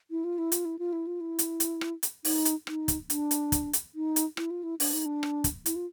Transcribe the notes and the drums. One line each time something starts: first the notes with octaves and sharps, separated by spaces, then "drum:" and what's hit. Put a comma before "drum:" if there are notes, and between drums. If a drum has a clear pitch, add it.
E4
F4
E4
F4, drum: hi-hat
E4
F4
E4
F4
E4
drum: hi-hat
drum: hi-hat
drum: rim click
drum: hi-hat
D#4, drum: open hi-hat
drum: hi-hat
D#4, drum: rim click
drum: kick, hi-hat
D4, drum: hi-hat
drum: hi-hat
drum: kick, hi-hat
drum: hi-hat
D#4
drum: hi-hat
E4, drum: rim click
F4
E4
D4, drum: open hi-hat
D#4
D4
drum: rim click
drum: kick, hi-hat
E4, drum: hi-hat
F4